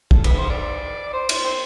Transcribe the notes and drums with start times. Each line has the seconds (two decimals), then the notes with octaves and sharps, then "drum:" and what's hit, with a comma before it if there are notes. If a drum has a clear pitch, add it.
0.11 A4, drum: kick
0.24 B4, drum: cymbal
0.38 C5
0.50 D5
1.13 C5
1.29 C5, drum: cymbal
1.44 C5